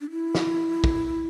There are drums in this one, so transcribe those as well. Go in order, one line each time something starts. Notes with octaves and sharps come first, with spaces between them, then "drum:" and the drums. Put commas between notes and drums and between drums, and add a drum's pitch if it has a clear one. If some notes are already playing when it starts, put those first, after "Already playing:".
D4
E4
drum: snare
drum: kick